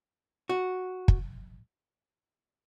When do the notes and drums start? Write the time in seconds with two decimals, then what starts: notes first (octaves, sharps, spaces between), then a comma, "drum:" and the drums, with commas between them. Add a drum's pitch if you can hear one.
0.49 F#4
1.08 drum: kick